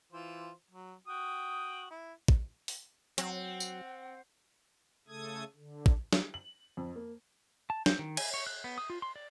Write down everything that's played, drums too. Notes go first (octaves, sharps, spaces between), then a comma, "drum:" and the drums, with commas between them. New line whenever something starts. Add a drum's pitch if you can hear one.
E3 F4 C5
F#3
F#4 G5 D#6
E4
drum: kick
drum: open hi-hat
F#3 C4 F#5, drum: hi-hat
drum: tambourine
C#3 A3 A4 D#6 G#6
D3
drum: kick
drum: snare
F#7
F2
A#3
A5
G6, drum: snare
D#3
G#5, drum: cymbal
C#5
F#6
B3
D#6
F4
C6
D5